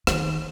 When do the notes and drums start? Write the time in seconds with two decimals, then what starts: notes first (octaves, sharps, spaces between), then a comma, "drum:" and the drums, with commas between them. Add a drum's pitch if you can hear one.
0.07 D#3, drum: rim click